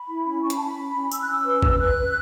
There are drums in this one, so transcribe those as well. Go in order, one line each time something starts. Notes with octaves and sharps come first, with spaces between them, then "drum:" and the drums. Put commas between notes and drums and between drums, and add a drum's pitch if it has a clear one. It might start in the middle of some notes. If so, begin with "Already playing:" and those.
Already playing: B5
E4
C#4
C#4 C#6
B5, drum: hi-hat
A5
C#4 B5
C#4
C#4
C#4 E6, drum: tambourine
F#6
C#4 E6
B4
B4, drum: kick
B4 F#6
B4